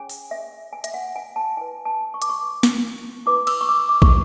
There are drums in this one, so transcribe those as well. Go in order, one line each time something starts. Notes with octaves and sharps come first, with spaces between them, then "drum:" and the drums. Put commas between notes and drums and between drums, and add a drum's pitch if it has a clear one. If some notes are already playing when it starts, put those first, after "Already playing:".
Already playing: C#4 G#4 C#5 G#5
drum: open hi-hat
E5
G#5
E5, drum: hi-hat
F#5
G#5
A5
E4 B4 G#5
A5
C#6
D6, drum: hi-hat
C#6
drum: snare
E4 B4 D6
E6, drum: cymbal
C#6
D6
D6
C#6, drum: kick